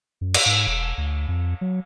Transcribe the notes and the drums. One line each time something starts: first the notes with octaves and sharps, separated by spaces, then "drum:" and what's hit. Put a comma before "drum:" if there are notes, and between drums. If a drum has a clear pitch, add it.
F#2
drum: cymbal
G#2
E1
D2
F2
F#3